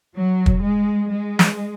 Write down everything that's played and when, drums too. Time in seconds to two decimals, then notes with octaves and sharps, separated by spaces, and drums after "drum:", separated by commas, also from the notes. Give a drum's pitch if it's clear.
0.15 F#3
0.46 drum: kick
0.61 G#3
1.08 G#3
1.39 drum: snare